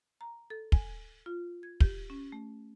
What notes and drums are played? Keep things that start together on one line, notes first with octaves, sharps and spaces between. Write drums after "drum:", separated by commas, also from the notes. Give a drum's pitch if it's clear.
A#5
A4
G#5, drum: kick
F4
G#6
G4, drum: kick
C#4
A3